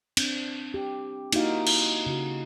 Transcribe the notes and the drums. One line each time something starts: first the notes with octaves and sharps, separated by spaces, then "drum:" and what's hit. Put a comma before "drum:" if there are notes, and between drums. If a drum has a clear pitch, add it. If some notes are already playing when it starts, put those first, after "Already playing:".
C4 D4, drum: cymbal
G4
A#3 D#4 E4 F#4 F5, drum: cymbal
drum: cymbal
C#3 F#4